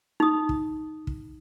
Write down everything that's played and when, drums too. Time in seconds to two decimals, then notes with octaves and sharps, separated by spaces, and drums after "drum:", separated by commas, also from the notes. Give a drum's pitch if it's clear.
0.20 D#4 D#6
0.49 drum: kick
1.07 drum: kick